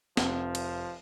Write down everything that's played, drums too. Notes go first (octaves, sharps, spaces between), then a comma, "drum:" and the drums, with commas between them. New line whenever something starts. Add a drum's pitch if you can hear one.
F1 F3, drum: snare
drum: cymbal